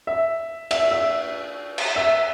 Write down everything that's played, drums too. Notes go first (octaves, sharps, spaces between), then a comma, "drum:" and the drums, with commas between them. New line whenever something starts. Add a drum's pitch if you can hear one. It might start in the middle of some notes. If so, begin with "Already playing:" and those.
E5
E5, drum: cymbal
E5
drum: cymbal
E5